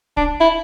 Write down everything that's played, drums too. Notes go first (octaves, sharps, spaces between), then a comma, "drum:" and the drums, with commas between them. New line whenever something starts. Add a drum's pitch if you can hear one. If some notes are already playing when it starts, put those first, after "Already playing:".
D4, drum: kick D1
E4